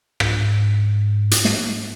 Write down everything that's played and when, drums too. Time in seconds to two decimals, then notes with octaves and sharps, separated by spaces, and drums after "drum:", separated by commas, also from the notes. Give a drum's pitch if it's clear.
0.20 G#2, drum: rim click
1.31 drum: hi-hat
1.45 drum: snare